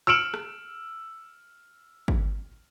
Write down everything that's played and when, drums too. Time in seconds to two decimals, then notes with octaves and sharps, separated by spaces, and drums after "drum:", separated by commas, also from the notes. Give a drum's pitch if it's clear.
0.07 E6 F6 C#7 D7 E7 F#7
0.34 drum: rim click
2.08 drum: kick